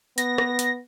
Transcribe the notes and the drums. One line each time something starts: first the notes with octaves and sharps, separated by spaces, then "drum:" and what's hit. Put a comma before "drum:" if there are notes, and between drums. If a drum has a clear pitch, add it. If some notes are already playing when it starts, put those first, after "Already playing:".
B3 A#6, drum: hi-hat
drum: rim click
drum: hi-hat